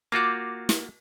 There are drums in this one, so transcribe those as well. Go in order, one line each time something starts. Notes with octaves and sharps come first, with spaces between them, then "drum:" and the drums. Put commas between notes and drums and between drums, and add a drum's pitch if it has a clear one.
A#3 F4 F#4 D6 G6
drum: snare